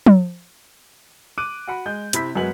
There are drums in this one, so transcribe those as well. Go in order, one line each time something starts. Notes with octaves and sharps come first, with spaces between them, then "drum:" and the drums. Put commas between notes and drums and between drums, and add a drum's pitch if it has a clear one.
drum: tom
D6 F#6 D7 D#7
F#4 F#5 B5
G#3 G6
C3 E4 B5 B6, drum: hi-hat
F#2 F#3 G#3 B3 G#5 F#7